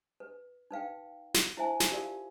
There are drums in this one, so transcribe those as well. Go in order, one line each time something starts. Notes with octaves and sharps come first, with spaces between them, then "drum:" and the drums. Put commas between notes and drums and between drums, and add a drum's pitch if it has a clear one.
B4
D#4 B4 F5 G5
drum: snare
E4 C5 E5 G#5 A5
drum: snare
F4 G4 A4 A#4 D5 F5